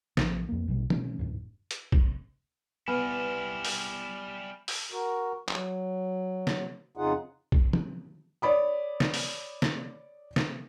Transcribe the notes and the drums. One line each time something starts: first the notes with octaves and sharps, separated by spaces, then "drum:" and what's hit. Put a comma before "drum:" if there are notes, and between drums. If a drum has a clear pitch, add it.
A1 F3, drum: snare
F2 A#3
A#1 B2 G3
B2 D#3 A3 C#4, drum: tom D#3
D1 F#2 A2
drum: hi-hat
drum: kick A#1
G3 B3 E4 G#5 B5 F6
drum: open hi-hat
drum: open hi-hat
F#4 A#4
F#3, drum: clap
drum: snare
F2 C#3 D#4 F4 G#4 F#5
drum: kick A#1
drum: tom D#3
C#5 D5 B5 D#6
drum: snare
drum: open hi-hat
drum: snare
drum: snare